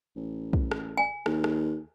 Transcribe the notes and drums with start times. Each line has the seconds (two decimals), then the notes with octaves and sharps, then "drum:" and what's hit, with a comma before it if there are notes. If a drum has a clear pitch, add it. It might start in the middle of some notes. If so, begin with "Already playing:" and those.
0.16 A1
0.53 drum: kick
0.71 drum: rim click
0.97 G#5
1.26 D#2, drum: rim click
1.44 drum: rim click